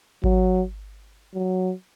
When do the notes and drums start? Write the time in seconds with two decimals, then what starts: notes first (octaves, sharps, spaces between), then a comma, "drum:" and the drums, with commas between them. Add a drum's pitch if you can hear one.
0.24 F#3, drum: kick G#1
1.34 F#3